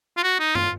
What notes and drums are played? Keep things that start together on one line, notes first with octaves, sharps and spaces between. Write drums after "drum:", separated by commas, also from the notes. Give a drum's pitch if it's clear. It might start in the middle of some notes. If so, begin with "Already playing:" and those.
F4
F#4
D#4
F4, drum: tom F#2